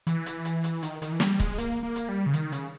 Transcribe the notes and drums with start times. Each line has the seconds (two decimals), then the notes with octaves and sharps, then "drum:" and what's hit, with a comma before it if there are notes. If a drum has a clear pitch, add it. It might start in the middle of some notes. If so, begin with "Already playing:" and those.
0.07 E3, drum: hi-hat
0.26 drum: hi-hat
0.45 drum: hi-hat
0.64 drum: hi-hat
0.83 D#3, drum: hi-hat
1.02 D#3, drum: hi-hat
1.12 E3
1.20 G3, drum: snare
1.40 G#3, drum: kick, hi-hat
1.58 A#3, drum: hi-hat
1.83 A#3
1.96 drum: hi-hat
2.09 G3
2.26 C#3
2.33 D#3, drum: hi-hat
2.52 C#3, drum: hi-hat